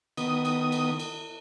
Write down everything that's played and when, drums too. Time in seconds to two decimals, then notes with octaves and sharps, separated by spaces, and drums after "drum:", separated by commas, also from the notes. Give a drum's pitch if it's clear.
0.17 D#3 B3 D#6, drum: cymbal
0.45 drum: cymbal
0.72 drum: cymbal
1.00 drum: cymbal